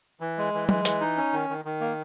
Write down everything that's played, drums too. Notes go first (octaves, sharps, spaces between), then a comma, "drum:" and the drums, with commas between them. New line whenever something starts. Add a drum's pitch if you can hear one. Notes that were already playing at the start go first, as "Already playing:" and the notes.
E3
G#3
E3
G#3, drum: tom
E3, drum: hi-hat
D#4
C#4
D#3
D#3
D#3
A#3